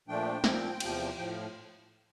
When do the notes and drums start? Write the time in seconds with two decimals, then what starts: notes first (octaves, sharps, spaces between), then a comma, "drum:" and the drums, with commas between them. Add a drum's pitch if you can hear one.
0.08 A#2 F3 A3 D4 G5
0.44 A#2 F3 C4, drum: snare
0.80 E2 C3 F3, drum: cymbal
1.17 A2 F3 G5